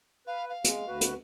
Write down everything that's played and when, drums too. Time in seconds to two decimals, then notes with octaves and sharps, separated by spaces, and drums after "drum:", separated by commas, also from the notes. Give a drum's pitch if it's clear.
0.27 B4 F5
0.49 F5
0.64 G#3, drum: hi-hat
0.87 D2 F#4 B4
1.01 drum: hi-hat